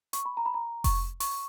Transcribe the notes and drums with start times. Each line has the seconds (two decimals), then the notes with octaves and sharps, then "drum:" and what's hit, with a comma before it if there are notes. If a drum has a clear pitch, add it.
0.13 C#6, drum: hi-hat
0.25 B5
0.37 A#5
0.46 B5
0.54 A#5
0.84 C#6, drum: kick F1, open hi-hat
1.20 C#6, drum: open hi-hat